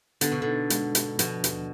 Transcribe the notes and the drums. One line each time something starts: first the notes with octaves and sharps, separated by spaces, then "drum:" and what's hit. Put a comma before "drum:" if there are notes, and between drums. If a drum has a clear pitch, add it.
D3 B3, drum: hi-hat
B2
D3 D#4
G#3, drum: hi-hat
D4, drum: hi-hat
B2 F3, drum: hi-hat
D#2, drum: hi-hat